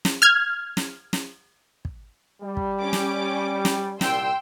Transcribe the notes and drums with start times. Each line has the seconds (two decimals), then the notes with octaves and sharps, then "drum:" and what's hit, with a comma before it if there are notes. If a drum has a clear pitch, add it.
0.05 drum: snare
0.22 F6 G#6
0.77 drum: snare
1.13 drum: snare
1.85 drum: kick
2.43 G3
2.57 drum: kick
2.81 C#4 D6
2.93 drum: snare
3.65 drum: snare
4.01 C2 A#2 G5 C6 E6, drum: snare